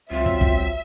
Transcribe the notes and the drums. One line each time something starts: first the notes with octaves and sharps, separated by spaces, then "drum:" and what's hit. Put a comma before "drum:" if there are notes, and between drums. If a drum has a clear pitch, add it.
C#2 F#3 C4 F4 E5
drum: kick
drum: kick